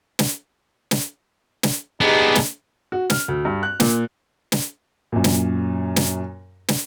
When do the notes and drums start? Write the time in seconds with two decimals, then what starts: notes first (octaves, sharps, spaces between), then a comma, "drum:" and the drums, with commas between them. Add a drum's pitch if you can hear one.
0.19 drum: snare
0.91 drum: snare
1.63 drum: snare
2.01 B3 D4 D#4 G4 G#4
2.35 drum: snare
2.92 F#4
3.10 F6, drum: snare
3.28 D2
3.45 G2
3.63 F#6
3.80 A#2, drum: snare
4.52 drum: snare
5.12 F#2 A#2
5.24 drum: snare
5.96 drum: snare
6.68 drum: snare